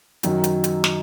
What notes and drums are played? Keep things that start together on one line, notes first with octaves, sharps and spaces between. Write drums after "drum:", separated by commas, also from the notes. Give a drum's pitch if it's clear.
F#2 D#3 F#3, drum: hi-hat
drum: hi-hat
drum: hi-hat
drum: snare